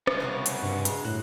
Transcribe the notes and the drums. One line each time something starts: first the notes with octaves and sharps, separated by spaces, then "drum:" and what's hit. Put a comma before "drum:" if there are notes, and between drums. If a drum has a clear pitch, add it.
C2 C#3 D#4, drum: rim click
B2 F#3 A#3
drum: hi-hat
G2
G#3 A#5, drum: hi-hat
A2 F#4